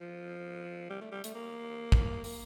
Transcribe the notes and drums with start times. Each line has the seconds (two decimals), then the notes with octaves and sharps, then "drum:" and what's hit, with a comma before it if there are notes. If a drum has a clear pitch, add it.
0.01 F3
0.90 G3
1.01 A3
1.12 G3
1.24 A3, drum: hi-hat
1.35 A#3
1.92 drum: kick
2.24 A#3, drum: open hi-hat